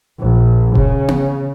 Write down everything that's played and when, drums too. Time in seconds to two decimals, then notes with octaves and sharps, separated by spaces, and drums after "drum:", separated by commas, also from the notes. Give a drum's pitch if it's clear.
0.20 A#1
0.75 C#3, drum: kick E1
1.08 drum: tom B3